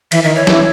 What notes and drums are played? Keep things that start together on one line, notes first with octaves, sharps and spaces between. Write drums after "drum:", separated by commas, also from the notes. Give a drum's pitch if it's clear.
E3 E5, drum: cymbal
D#3 E5
E3 C#5
E3, drum: snare